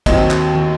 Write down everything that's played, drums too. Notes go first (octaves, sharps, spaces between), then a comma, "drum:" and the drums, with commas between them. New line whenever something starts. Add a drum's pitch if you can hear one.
D#2 D#3 F#3 C4 D#5, drum: kick, cymbal
drum: clap
drum: tom